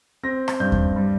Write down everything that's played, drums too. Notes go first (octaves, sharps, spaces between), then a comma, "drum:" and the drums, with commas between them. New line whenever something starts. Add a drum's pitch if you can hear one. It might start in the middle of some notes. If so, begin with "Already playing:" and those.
C4 A#6
drum: rim click
G2 G6
drum: kick D#2
G3